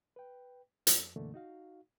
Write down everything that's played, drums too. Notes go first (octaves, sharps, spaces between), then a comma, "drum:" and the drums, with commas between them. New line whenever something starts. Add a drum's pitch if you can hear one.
B4 G5
F2, drum: hi-hat
F#2 B2 D3 E3 A3 A#3
D#4 F#4 F5